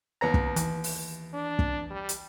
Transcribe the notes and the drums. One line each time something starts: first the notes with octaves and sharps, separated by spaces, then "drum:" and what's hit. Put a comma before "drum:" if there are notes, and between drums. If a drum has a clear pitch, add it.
D#2 B3 A#5
drum: kick
E3, drum: hi-hat
drum: open hi-hat
D4
drum: kick
G3
drum: hi-hat